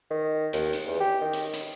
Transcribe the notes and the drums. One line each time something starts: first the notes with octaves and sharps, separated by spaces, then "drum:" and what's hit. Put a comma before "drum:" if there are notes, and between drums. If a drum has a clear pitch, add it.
D#3
D#2, drum: hi-hat
drum: hi-hat
E2
G4
D#3
drum: hi-hat
drum: hi-hat